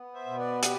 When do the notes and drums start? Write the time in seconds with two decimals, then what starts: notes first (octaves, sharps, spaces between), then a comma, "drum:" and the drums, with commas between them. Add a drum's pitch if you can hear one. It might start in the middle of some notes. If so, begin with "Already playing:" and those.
Already playing: B3
0.14 C5 E5
0.26 B2
0.38 B4 D5
0.63 G4 B4, drum: hi-hat